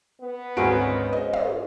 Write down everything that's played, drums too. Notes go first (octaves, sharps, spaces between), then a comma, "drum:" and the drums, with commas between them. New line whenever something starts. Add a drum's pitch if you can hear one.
B3
G#1 D2 G#3 C#4 F#4 A#4 D7
G#2 D#5
drum: tom